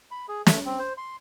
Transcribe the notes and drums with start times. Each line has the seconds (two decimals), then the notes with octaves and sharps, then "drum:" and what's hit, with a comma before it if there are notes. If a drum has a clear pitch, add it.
0.11 B5
0.29 G#4
0.47 A3, drum: snare
0.66 C4
0.79 C5
0.98 C6